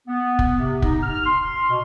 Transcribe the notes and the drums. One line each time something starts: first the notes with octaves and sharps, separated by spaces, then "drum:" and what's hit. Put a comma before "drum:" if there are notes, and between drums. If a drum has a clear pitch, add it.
B3
drum: kick
C3
D#4, drum: kick
F6
C6
B2